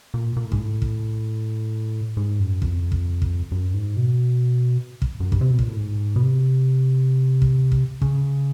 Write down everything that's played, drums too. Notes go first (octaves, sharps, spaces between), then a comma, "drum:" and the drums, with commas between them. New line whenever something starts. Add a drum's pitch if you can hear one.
A#2
A#2
A2
G#2, drum: kick
A2
drum: kick
G#2
F#2
F2, drum: kick
drum: kick
drum: kick
F#2
G#2
B2
drum: kick
F#2
G2, drum: kick
C3
B2
A#2, drum: kick
A2
G#2
B2
C3
drum: kick
drum: kick
C#3, drum: kick